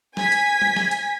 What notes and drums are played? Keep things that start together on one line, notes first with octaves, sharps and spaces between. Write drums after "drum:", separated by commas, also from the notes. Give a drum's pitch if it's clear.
G#5 G#6 B6, drum: snare
drum: hi-hat
drum: tom G3
drum: snare
drum: hi-hat